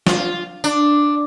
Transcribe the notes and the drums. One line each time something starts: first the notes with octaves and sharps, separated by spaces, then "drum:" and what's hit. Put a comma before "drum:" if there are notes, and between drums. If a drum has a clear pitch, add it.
F4, drum: snare
D4, drum: tambourine